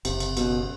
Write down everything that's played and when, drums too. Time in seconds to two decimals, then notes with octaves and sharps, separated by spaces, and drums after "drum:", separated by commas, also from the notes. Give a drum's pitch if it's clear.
0.05 F#1 C3, drum: cymbal
0.20 drum: cymbal
0.37 F#2 B2, drum: cymbal